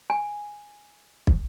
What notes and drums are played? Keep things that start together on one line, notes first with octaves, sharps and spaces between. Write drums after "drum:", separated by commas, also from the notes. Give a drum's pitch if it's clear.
G#5
drum: kick